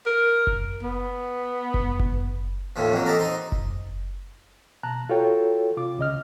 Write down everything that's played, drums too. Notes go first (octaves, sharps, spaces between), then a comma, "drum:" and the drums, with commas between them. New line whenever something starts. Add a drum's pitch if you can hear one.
A#4
drum: kick F#1
B3
drum: kick F#1
drum: kick F#1
D#2 A2 F3
F2 A#2 F#3
D#4 G4 A4 A#4
D#4 C5
drum: kick F#1
B2 A5 A#5 F#6
F4 F#4 A4 C#5 G5
C3 F4 D6
C#2 C#3 D#5 F6